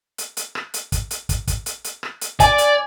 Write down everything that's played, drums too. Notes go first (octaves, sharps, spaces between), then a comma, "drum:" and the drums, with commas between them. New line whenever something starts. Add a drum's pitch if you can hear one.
drum: hi-hat
drum: hi-hat
drum: rim click
drum: hi-hat
drum: kick, hi-hat
drum: hi-hat
drum: kick, hi-hat
drum: kick, hi-hat
drum: hi-hat
drum: hi-hat
drum: rim click
drum: hi-hat
D5 G#5, drum: kick, hi-hat
drum: hi-hat